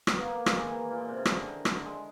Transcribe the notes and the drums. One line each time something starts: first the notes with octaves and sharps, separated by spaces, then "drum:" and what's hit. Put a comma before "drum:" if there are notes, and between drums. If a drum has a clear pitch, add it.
B3, drum: rim click
A#3
A#3
G#3, drum: rim click
D#3
E3
A#2
B2
C3
C#3
D3, drum: rim click
D#3
D3, drum: rim click
G#3